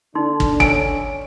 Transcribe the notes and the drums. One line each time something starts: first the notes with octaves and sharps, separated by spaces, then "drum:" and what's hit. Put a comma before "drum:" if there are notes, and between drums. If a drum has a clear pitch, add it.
D3 D4 D#4 C6
drum: kick
C#4 G#5 D6 E6 D7, drum: kick